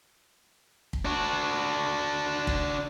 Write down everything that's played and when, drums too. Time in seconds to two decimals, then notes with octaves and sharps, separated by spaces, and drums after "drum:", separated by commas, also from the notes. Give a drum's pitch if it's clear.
0.93 drum: kick
1.05 D4 F#4
2.47 drum: kick